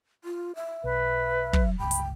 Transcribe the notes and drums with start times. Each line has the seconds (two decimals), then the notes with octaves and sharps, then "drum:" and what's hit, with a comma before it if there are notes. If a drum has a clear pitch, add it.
0.24 F4
0.55 E5
0.84 B1 B4
1.53 F#3, drum: kick
1.79 G1 C#2 G5 B5
1.91 drum: hi-hat